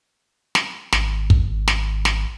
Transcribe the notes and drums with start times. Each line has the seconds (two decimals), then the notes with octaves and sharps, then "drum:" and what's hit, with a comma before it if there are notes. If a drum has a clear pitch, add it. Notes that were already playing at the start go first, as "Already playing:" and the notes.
0.55 drum: snare
0.92 G#1, drum: snare
1.30 drum: kick
1.68 drum: snare
2.05 drum: snare